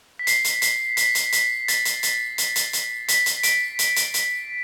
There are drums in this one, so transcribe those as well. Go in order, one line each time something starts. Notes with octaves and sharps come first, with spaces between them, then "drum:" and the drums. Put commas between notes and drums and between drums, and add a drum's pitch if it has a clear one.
B6
C7, drum: hi-hat
drum: hi-hat
C7, drum: hi-hat
B6, drum: hi-hat
drum: hi-hat
drum: hi-hat
A6, drum: hi-hat
drum: hi-hat
drum: hi-hat
drum: hi-hat
drum: hi-hat
drum: hi-hat
B6, drum: hi-hat
drum: hi-hat
D7, drum: hi-hat
drum: hi-hat
drum: hi-hat
drum: hi-hat